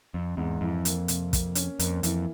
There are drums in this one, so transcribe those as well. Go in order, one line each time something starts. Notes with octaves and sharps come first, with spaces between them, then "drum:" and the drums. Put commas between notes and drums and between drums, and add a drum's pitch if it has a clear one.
F2 C4
E2 G#2
F2 E3
A#3, drum: hi-hat
C3, drum: hi-hat
A#3, drum: kick, hi-hat
C#4, drum: hi-hat
F2 A#3, drum: hi-hat
F2 E3, drum: hi-hat